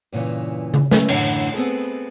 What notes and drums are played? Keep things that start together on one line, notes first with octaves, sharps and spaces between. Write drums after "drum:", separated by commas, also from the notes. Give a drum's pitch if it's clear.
G2 A#2 C#3 E3
drum: tom C#3
A3 C#4 E4 A#4 B4, drum: snare
F#2 A2 D3 E3, drum: cymbal
B3 C4 G#4 A4